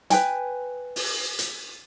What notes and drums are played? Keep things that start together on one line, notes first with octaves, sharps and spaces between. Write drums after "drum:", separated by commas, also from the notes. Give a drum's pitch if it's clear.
B4 G5 G#5, drum: hi-hat
drum: open hi-hat
drum: hi-hat